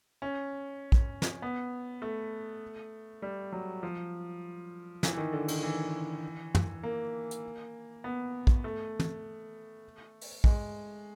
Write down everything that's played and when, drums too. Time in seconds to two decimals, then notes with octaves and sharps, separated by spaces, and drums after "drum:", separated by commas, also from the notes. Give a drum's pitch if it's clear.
0.22 C#4
0.92 drum: kick
1.22 drum: snare
1.42 B3
2.02 A3
3.22 G3
3.52 F#3
3.83 F3
5.03 E3, drum: snare
5.13 E3
5.17 D#3
5.33 D3
5.48 D#3, drum: cymbal
5.63 E3
6.55 drum: tom
6.83 A#3
7.31 drum: hi-hat
8.04 B3
8.47 drum: kick
8.64 A3
9.00 drum: tom
10.21 drum: open hi-hat
10.44 G#3, drum: kick